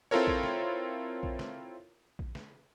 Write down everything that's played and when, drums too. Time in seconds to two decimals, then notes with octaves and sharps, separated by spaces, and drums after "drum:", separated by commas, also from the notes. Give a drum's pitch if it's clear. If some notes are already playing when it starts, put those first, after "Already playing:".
0.11 C4 E4 F4 A4 A#4 C#5
0.27 drum: kick A#1
0.43 drum: snare
1.23 drum: kick A#1
1.39 drum: snare
2.19 drum: kick A#1
2.35 drum: snare